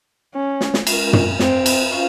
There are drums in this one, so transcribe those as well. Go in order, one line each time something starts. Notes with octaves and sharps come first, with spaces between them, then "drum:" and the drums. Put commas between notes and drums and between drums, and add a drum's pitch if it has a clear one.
C#4
drum: snare
drum: snare
G#3 C#4 F4 A#4, drum: cymbal
drum: tom
C4, drum: snare
drum: cymbal
C#4 F4 C5 F5